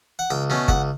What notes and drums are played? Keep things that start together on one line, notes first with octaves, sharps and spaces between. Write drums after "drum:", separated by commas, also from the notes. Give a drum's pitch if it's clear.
F#5
C#2 G5
B2 A3 C#4
C#2 F#5, drum: kick G1